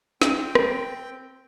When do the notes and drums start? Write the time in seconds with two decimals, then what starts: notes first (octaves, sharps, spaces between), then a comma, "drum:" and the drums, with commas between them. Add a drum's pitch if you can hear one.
0.22 C4 G5, drum: snare
0.55 drum: rim click